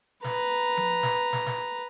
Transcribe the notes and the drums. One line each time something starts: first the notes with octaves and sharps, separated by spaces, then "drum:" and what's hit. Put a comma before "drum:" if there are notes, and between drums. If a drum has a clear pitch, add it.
B4 A#5, drum: snare
drum: tom F3
drum: snare
drum: snare
drum: snare